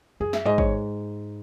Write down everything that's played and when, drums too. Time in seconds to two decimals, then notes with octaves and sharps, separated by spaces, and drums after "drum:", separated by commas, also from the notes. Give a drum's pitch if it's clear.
0.20 F#2 G#4
0.33 E5, drum: snare
0.45 G#2 D#5
0.58 C#5, drum: kick